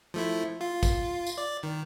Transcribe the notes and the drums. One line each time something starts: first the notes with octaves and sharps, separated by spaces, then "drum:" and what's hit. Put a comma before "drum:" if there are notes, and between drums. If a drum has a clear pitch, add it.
F3 A3 E4
F4
drum: kick, tambourine
drum: tambourine
D5
D#3